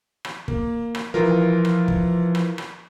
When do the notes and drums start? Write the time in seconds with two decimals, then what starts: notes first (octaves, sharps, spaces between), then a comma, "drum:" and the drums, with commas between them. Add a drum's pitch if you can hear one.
0.25 drum: rim click
0.48 A#3, drum: kick
0.95 drum: rim click
1.14 E3 F3 F4 A#4
1.65 drum: rim click
1.88 drum: kick
2.35 drum: rim click
2.58 drum: rim click